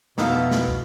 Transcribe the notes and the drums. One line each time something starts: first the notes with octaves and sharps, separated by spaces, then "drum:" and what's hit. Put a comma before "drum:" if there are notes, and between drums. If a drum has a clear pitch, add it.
F2 B2 B3 D#4 A4 E5 F5, drum: snare
drum: snare
drum: kick